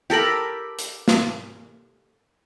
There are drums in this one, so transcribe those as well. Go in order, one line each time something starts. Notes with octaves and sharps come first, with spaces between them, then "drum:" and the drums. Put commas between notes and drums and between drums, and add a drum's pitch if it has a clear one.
G4 A4 A#4 B5
drum: hi-hat
drum: snare